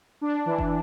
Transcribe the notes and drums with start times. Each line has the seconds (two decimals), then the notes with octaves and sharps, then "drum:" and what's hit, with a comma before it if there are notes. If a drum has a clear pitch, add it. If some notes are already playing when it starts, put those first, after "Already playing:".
0.21 D4
0.46 E3
0.58 drum: kick F#1